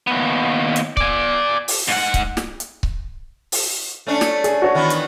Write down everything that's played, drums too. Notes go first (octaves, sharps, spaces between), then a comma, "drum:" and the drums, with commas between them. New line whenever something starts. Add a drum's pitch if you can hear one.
D#2 B3
drum: hi-hat
D5 G#5, drum: kick C#1
drum: open hi-hat
G#2 F#5
drum: kick C#1, hi-hat
drum: snare
drum: hi-hat
drum: kick C#1
drum: open hi-hat
A3 C#4 D4
drum: snare
G#4, drum: hi-hat
F#4 C#5
D#3 E3 B3
drum: hi-hat